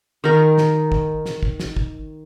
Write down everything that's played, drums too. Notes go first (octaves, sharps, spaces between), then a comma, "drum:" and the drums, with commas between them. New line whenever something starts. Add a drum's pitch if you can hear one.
D#3 A#4
drum: snare
drum: kick
drum: snare
drum: kick
drum: snare
drum: kick